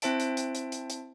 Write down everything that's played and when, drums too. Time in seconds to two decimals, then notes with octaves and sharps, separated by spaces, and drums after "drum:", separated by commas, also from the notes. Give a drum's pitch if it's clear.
0.02 C4 E4 C5 E5 A5 D7, drum: hi-hat
0.20 drum: hi-hat
0.37 drum: hi-hat
0.55 drum: hi-hat
0.72 drum: hi-hat
0.90 drum: hi-hat